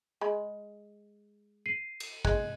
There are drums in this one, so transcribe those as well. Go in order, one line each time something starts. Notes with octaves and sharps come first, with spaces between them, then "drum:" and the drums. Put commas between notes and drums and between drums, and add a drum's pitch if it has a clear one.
G#3 B5
C7 D#7
drum: cymbal
G#3 F#6 G#6, drum: kick